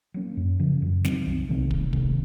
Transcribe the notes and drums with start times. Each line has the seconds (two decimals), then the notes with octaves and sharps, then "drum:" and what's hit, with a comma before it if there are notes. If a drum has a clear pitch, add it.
0.14 F#3 A#3 C#4
0.37 F#2
0.59 C#3 F3
0.82 F#2
1.05 D#3 F#3 C4, drum: snare
1.26 C2
1.49 C3 D#3 A3
1.71 C#2, drum: kick
1.93 C3 D#3 A3, drum: kick